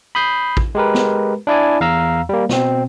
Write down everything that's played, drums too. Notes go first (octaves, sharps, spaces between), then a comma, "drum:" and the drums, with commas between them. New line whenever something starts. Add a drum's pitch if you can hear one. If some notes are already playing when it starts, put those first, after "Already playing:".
B5 D#6 G6 C7
drum: kick A1
G#3 G4 A#4 B4
drum: snare
D4 E4 D5 G#5
E2 F5 A#5 E6
G3 A#3
B2 C4, drum: snare